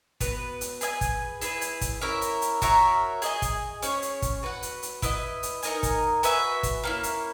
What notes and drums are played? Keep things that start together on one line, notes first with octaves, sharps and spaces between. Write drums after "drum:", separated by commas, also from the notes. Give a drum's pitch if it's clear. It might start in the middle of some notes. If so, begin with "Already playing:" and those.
B3 F#4 B4, drum: kick, hi-hat
drum: hi-hat
G#4 B4 E5 G#5, drum: hi-hat
drum: kick, hi-hat
E4 G#4 B4, drum: hi-hat
drum: hi-hat
drum: kick, hi-hat
C#4 E4 A#4 E5
drum: hi-hat
drum: hi-hat
F#4 A#4 C#5 E5, drum: kick, hi-hat
G#4 D#5 G#5, drum: hi-hat
drum: kick, hi-hat
C#4 G#4 C#5, drum: hi-hat
drum: hi-hat
drum: kick, hi-hat
F#4 B4 F#5
drum: hi-hat
drum: hi-hat
E4 B4 D#5, drum: kick, hi-hat
drum: hi-hat
D#4 A#4 D#5 G#5, drum: hi-hat
drum: kick, hi-hat
F#4 B4 E5 G#5, drum: hi-hat
drum: kick, hi-hat
A#3 C#4 E4
drum: hi-hat